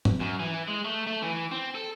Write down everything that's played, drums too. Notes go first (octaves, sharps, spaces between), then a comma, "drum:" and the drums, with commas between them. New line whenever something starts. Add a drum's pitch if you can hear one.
drum: tom G#2
F#2
E3
G#3
A3
A3
E3
C4
A4